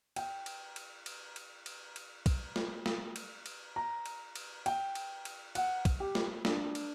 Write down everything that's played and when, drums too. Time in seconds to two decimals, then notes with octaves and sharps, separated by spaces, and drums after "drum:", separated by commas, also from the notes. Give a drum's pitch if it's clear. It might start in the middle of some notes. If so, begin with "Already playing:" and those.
0.16 G5, drum: cymbal
0.46 drum: cymbal
0.76 drum: cymbal
1.06 drum: cymbal
1.36 drum: cymbal
1.66 drum: cymbal
1.96 drum: cymbal
2.26 drum: kick, cymbal
2.56 drum: snare
2.86 drum: snare
3.16 drum: cymbal
3.46 drum: cymbal
3.76 A#5
4.06 drum: cymbal
4.35 drum: cymbal
4.66 G5, drum: cymbal
4.95 drum: cymbal
5.25 drum: cymbal
5.55 F#5, drum: cymbal
5.85 drum: kick, cymbal
6.00 G4
6.15 drum: snare
6.45 D4, drum: snare
6.75 drum: cymbal